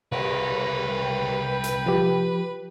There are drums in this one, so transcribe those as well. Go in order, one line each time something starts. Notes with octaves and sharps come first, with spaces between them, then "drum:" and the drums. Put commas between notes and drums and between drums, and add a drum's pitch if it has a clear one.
C2 A#4 B4, drum: cymbal
G5
drum: hi-hat
F3 G4